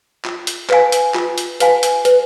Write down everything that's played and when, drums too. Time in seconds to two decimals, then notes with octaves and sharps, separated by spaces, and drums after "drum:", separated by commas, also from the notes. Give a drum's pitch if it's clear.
0.25 F4, drum: clap
0.47 drum: hi-hat
0.70 B4 F5 G#5, drum: clap
0.92 drum: hi-hat
1.14 F4, drum: clap
1.38 drum: hi-hat
1.60 B4 F5 G#5, drum: hi-hat
1.83 drum: hi-hat
2.05 B4, drum: hi-hat